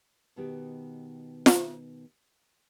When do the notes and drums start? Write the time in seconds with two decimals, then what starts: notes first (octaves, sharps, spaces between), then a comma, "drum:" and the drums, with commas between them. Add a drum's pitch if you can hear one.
0.36 B2 D#3 B3 F#4 G4
1.46 drum: snare F4